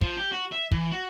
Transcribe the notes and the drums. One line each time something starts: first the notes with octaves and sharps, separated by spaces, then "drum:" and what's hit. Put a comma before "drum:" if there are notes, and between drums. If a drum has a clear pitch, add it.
F3, drum: kick
G4
F#4
E5
E3, drum: kick
F#4